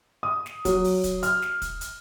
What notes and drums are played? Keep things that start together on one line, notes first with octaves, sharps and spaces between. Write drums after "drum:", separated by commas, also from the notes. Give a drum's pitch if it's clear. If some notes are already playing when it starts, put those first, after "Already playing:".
D#6
drum: snare
F#3, drum: kick, hi-hat
drum: open hi-hat
drum: kick, hi-hat
F6, drum: hi-hat
drum: snare
drum: kick, hi-hat
drum: hi-hat